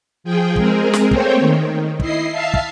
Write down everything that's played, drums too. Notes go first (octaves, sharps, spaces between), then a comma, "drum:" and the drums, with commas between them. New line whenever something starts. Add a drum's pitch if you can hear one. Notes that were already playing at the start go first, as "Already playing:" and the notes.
F3 G#4 G5
G#3 C4 G#4 A#4, drum: kick
drum: snare
A3 A#3 C4 C5 C#5 G5, drum: kick
D#3
E4 D#5 C7, drum: kick
E5 F5 A5 C7
drum: kick